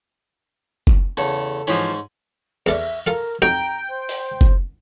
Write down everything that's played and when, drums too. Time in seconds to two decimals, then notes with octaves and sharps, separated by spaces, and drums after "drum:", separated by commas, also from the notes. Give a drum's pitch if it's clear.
0.87 drum: kick
1.17 E2 C#3 A4
1.67 G#2 E3 F3 C#4
2.66 E2 A4 D5 E5, drum: cymbal
3.06 F4 A4 A#4 F5
3.42 F2 D#4 F#4 G5 A#5
3.88 C5
4.09 drum: open hi-hat
4.41 drum: kick